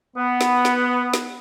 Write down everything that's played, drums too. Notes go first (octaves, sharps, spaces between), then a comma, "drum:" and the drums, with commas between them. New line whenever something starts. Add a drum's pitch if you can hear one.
B3
drum: snare
drum: snare
drum: snare